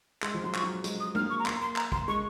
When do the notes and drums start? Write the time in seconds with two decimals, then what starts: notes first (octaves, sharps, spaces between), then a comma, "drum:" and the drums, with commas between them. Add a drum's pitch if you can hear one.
0.22 G#3 C6, drum: clap
0.34 F3
0.44 F#3 C6
0.54 C#6, drum: clap
0.64 F#3
0.84 G#3, drum: hi-hat
1.00 D#6
1.15 A#3 F6, drum: tom G#3
1.30 C#6
1.39 A#5
1.46 A#3 C6, drum: clap
1.61 C6
1.76 A#5, drum: clap
1.92 C6, drum: kick
2.08 G#3 C#6